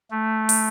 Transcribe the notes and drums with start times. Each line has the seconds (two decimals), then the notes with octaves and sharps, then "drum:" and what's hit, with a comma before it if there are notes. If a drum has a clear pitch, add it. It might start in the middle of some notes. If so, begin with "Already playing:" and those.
0.11 A3
0.49 drum: open hi-hat